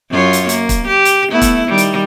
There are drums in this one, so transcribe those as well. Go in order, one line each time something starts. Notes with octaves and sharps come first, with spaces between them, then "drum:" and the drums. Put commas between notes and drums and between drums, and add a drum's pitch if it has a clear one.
F#2 F4 C#5
drum: hi-hat
A#3, drum: hi-hat
drum: kick, hi-hat
G4
drum: hi-hat
A3 B3 E4
drum: kick, hi-hat
D#3 G3
drum: hi-hat